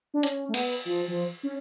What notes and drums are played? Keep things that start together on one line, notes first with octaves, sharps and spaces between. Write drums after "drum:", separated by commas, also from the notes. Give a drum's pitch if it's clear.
D4
C#4, drum: hi-hat
A3
B3, drum: cymbal
F3
F3
C#4